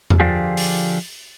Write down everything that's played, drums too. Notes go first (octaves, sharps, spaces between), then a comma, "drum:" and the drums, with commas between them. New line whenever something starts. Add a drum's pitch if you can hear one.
drum: tom E2
D3 F3 D4 F4 G4 G#4
drum: open hi-hat